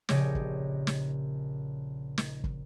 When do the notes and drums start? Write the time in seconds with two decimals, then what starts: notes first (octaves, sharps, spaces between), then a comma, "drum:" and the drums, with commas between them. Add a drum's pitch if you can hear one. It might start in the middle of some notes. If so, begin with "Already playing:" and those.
0.09 A#1 C#3 G4 C#5 D#5 D6, drum: snare
0.35 drum: kick
0.87 drum: snare
2.18 drum: snare
2.44 drum: kick